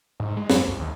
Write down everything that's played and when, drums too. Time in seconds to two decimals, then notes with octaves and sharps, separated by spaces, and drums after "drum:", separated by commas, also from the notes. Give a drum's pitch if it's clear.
0.20 G#2
0.37 G#3
0.50 F#2, drum: snare
0.67 C2
0.80 D#2